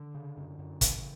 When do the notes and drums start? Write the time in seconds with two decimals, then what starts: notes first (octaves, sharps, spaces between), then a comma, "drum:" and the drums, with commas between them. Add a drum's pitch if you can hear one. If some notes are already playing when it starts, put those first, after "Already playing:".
Already playing: D3
0.15 C#3
0.37 F#2
0.59 F#2
0.81 C#3 E3, drum: kick, hi-hat